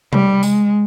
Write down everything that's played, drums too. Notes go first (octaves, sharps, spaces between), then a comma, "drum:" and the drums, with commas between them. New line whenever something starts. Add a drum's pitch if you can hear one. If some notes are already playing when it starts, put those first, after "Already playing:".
G3, drum: tom C3
G#3, drum: tambourine